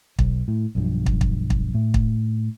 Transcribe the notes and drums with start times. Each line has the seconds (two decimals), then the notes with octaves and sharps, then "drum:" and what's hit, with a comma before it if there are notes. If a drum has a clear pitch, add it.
0.19 B1, drum: kick
0.48 A2
0.75 B1 G2 F3
1.06 drum: kick
1.21 drum: kick
1.50 drum: kick
1.74 A2
1.94 drum: kick